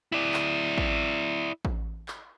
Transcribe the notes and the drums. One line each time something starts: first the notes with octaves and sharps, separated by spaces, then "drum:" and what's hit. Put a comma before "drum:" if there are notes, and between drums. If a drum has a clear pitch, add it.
E4 D5
drum: clap
drum: kick A1
drum: kick A1
drum: clap